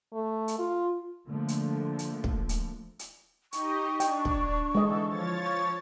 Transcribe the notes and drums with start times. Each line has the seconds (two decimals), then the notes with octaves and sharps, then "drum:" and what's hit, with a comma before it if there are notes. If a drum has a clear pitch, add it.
0.13 A3
0.48 drum: hi-hat
0.59 F4
1.28 D3 F3 A3 A#3
1.48 drum: hi-hat
1.99 drum: hi-hat
2.24 drum: kick
2.49 drum: hi-hat
2.99 drum: hi-hat
3.53 D#4 G4 D#5 C#6, drum: hi-hat
4.00 D4 G5, drum: hi-hat
4.25 drum: kick
4.75 D3 E3 G#3 A4 D#5
5.06 F3 C#5 A6
5.44 C#6